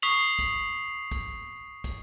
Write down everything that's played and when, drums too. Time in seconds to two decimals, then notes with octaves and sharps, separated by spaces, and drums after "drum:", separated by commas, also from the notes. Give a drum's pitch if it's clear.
0.02 C#6 D#6 B6 C7 F7 F#7
0.39 drum: kick, hi-hat
1.11 drum: kick, hi-hat
1.84 drum: kick, hi-hat